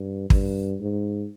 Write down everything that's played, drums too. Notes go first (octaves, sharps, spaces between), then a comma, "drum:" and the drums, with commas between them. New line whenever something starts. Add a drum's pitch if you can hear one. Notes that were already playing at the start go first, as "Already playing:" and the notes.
Already playing: G2
G2, drum: kick
G#2